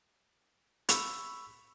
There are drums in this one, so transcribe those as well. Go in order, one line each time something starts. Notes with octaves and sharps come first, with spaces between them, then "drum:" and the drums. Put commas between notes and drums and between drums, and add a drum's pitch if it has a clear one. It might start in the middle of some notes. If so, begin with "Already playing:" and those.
B5 C#6 E6, drum: hi-hat